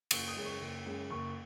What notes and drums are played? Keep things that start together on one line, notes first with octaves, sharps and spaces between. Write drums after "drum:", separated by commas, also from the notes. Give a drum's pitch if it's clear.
F#1 C#6, drum: cymbal
D#6
F#2 C#3 G#3
C#6
F#1
F#2 C#3 G#3
F#1 C#6